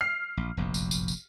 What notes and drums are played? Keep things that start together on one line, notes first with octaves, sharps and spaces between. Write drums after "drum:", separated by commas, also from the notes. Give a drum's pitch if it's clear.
F6 C7
A#1
F1 A#1 F#2
drum: tambourine
drum: tambourine
drum: tambourine